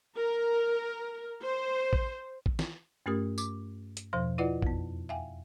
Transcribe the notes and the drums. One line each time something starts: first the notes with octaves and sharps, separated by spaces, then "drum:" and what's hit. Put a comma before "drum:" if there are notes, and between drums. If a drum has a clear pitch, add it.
A#4
C5
drum: kick A1
drum: kick A1
drum: snare
G2 A3 C#4 G4 A#4 D#6
D6, drum: tambourine
drum: hi-hat
E2 B2 F3 C5 C6
E4 F4 B4 D5 D#5 F#5
F2 B3, drum: kick A1
E5 F5 G5 G#5